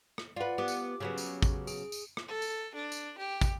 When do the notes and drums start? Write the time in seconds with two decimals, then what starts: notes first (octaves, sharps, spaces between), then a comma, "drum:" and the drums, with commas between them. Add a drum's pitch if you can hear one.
0.18 drum: rim click
0.36 F4 B4 D5 F#5
0.58 B3 G4 D6
0.68 drum: tambourine
1.00 C#3 F#3 B3
1.18 drum: tambourine
1.42 drum: kick, tambourine
1.67 G#4, drum: tambourine
1.92 drum: tambourine
2.17 drum: rim click
2.28 A4
2.42 drum: tambourine
2.74 D4
2.92 drum: tambourine
3.18 G4
3.41 drum: kick, tambourine